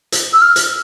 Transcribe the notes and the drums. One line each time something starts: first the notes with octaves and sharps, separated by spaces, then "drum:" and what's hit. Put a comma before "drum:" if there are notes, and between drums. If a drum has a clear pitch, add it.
drum: hi-hat
E6
F6
drum: hi-hat